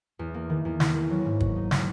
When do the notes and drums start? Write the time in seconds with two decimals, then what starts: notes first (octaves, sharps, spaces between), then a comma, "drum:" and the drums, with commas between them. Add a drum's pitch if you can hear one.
0.19 E2
0.34 A#3
0.50 D#3
0.65 E2
0.80 E4, drum: snare
0.95 A#3
1.10 F#3
1.26 G#2
1.40 F#4, drum: kick
1.56 D#4
1.71 G#3, drum: snare